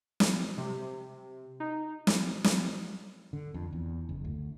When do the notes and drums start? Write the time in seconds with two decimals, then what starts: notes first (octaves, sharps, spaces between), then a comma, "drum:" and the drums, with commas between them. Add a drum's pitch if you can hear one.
0.20 drum: snare
0.57 C3
1.60 D#4
2.07 drum: snare
2.44 drum: snare
3.33 D3
3.54 F2
3.73 E2
4.09 F#1
4.24 D2